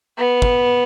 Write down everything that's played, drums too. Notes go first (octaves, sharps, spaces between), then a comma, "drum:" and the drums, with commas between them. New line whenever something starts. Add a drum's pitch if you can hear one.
B3
drum: kick